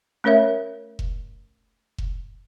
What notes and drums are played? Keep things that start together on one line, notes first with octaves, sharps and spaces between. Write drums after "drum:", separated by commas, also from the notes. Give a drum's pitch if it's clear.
A3 C#4 A#4 C#5 E5
drum: kick F1
drum: kick F1